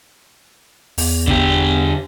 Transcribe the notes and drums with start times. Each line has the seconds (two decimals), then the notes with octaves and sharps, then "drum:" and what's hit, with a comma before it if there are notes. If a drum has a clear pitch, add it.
0.98 E2, drum: open hi-hat
1.27 D3 G4, drum: kick